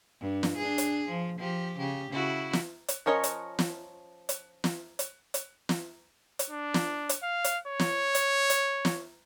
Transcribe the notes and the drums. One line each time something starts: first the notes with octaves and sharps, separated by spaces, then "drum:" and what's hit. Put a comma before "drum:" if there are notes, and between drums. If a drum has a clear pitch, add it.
G2
drum: snare
D4 G#4
drum: hi-hat
F3
F3 G4
C#3 G4
C#3 E4 F#4
drum: snare
drum: hi-hat
F3 C#4 A#4 C#5 D#5
drum: hi-hat
drum: snare
drum: hi-hat
drum: snare
drum: hi-hat
drum: hi-hat
drum: snare
drum: hi-hat
D4
drum: snare
drum: hi-hat
F5
drum: hi-hat
C#5
drum: snare
drum: hi-hat
drum: hi-hat
drum: snare